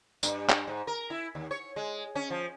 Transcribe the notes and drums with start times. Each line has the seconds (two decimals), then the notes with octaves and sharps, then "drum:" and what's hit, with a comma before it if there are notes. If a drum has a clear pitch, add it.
0.23 G2, drum: tambourine
0.49 drum: clap
0.67 G#2
0.87 A#4
1.10 E4
1.35 D#2
1.51 C#5
1.76 G#3
2.15 C#4
2.30 F3